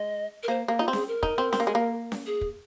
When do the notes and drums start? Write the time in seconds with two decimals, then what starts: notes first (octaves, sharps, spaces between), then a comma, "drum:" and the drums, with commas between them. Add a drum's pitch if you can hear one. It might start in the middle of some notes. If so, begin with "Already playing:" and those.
Already playing: G#3 D#5
0.43 A#4
0.48 A#3 C5
0.68 A#3
0.78 D#4 F4
0.88 C4
0.93 G#4, drum: snare C#4
1.08 A#4
1.23 D#4, drum: kick
1.38 C4
1.53 C4, drum: snare C#4
1.60 A#3
1.67 G#3
1.75 A#3
2.12 drum: snare C#4
2.27 G#4
2.41 drum: kick